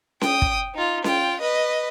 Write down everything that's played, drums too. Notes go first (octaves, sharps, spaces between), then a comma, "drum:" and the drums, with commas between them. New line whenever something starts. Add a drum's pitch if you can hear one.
G5 D#6, drum: snare C#4
drum: kick
D#4 F4
F4 G5, drum: snare C#4
B4 D#5